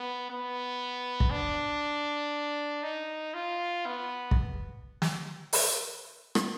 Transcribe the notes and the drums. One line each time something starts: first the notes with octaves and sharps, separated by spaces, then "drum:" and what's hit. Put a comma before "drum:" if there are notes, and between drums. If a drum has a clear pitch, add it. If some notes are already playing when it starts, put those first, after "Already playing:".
Already playing: B3
B3
drum: kick
D4
D#4
F4
B3
drum: kick
drum: snare
drum: open hi-hat
drum: rim click